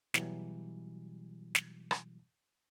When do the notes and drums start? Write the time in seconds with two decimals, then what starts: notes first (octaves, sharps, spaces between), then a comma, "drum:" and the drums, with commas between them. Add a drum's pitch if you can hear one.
0.14 B2 E3 F#3 G3, drum: snare
1.55 drum: snare
1.91 drum: rim click